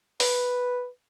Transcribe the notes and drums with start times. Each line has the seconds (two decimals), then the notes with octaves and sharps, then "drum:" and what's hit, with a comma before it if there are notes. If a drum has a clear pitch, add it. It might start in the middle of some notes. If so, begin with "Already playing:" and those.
0.20 B4, drum: open hi-hat